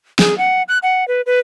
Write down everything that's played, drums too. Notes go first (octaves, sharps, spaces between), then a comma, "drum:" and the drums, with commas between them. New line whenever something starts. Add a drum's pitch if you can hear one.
G#4, drum: snare
F#5
F#6
F#5
B4
B4